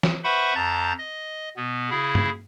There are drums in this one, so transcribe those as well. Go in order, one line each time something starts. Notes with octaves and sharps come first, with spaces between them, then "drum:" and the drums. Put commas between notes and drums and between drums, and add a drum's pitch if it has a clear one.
drum: snare
B4 C5 E5 F#5 B5 C#6
F2 A5 A#5 G6 A6
D#5
B2 B3
C#3 E4 G#4
drum: tom G2